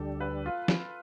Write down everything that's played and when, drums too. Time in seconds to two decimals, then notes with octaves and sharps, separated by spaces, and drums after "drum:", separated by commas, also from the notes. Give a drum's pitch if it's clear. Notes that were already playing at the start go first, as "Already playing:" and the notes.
Already playing: D2 D3 G3 D4 G4 A4
0.20 B4
0.46 F4
0.68 drum: snare